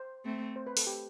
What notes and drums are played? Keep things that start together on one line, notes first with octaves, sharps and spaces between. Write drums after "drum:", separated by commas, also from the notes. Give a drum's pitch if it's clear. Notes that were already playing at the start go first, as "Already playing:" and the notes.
Already playing: C5
A3 C4
C5
B4
A4, drum: open hi-hat
G4